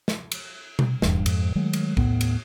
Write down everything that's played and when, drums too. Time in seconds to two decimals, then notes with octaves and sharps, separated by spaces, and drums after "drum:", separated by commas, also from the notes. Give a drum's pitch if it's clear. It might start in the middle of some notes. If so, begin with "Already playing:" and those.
0.08 drum: snare
0.32 drum: cymbal
0.79 drum: tom B2
1.02 D#1 E2 G2, drum: snare
1.26 F2 G#2, drum: cymbal
1.55 D#3 F#3 G#3 A3
1.73 drum: cymbal
1.97 D#2 A2 B3, drum: kick B1
2.21 drum: cymbal